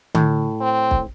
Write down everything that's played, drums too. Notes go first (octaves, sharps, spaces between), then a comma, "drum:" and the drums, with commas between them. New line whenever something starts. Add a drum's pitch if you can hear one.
A2, drum: tom D3
C4
drum: kick